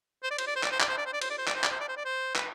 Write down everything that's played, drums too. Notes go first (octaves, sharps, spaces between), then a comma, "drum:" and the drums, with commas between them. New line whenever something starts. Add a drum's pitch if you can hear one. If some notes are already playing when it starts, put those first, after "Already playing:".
C5
D5
C5, drum: cymbal
D5
C5
D5, drum: clap
C5
D5, drum: clap
C5
D5
C5
D5
C5, drum: cymbal
D5
C5
D5, drum: clap
C5
D5, drum: clap
C5
D5
C5
D5
C5
B4, drum: clap